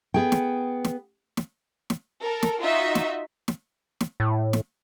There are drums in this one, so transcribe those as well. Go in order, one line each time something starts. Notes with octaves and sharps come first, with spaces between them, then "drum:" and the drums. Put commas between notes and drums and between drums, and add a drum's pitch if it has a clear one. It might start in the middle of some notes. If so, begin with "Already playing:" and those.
B3 G#4 G5
drum: snare
drum: snare
drum: snare
drum: snare
A4 A#4
drum: snare
D#4 F4 F#4 D#5 E5
drum: snare
drum: snare
drum: snare
A2
drum: snare